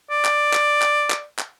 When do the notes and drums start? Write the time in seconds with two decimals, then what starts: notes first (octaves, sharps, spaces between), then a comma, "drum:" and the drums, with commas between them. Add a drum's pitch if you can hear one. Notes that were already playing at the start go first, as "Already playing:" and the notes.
0.11 D5
0.25 drum: clap
0.53 drum: clap
0.82 drum: clap
1.10 drum: clap
1.39 drum: clap